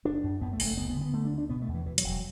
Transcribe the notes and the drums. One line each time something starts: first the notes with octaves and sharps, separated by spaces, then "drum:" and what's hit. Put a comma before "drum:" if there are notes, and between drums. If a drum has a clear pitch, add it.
F#1 D4
F#2
F#2 B3
A3
F#1, drum: open hi-hat
A3
D2 B3
B3
D3
B3
D3 A3
D4
D2
D4
B2 B3
A3
E2
E3
B2 E3
F#3, drum: hi-hat
E1
F#3